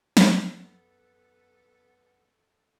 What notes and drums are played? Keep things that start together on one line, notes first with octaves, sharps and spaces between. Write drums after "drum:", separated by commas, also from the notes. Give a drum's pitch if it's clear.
F#2 B3 A4, drum: snare